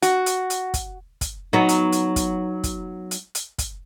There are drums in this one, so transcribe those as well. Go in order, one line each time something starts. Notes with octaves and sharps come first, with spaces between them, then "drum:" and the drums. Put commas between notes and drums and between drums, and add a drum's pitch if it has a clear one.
F#4, drum: hi-hat
drum: hi-hat
drum: hi-hat
drum: kick, hi-hat
drum: kick, hi-hat
F#3 B3 D#4
drum: hi-hat
drum: hi-hat
drum: kick, hi-hat
drum: kick, hi-hat
drum: hi-hat
drum: hi-hat
drum: kick, hi-hat